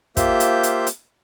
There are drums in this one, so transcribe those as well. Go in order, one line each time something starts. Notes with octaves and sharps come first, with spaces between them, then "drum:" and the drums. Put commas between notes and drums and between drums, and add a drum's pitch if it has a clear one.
A#3 F4 G4 C5 E5 G6, drum: kick, hi-hat
drum: hi-hat
drum: hi-hat
drum: hi-hat